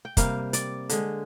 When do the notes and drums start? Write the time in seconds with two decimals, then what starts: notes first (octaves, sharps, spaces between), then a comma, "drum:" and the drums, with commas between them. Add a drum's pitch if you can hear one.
0.05 G5
0.17 C3 G3 A#3 F5, drum: kick, hi-hat
0.53 D5, drum: hi-hat
0.89 D3 G#3, drum: hi-hat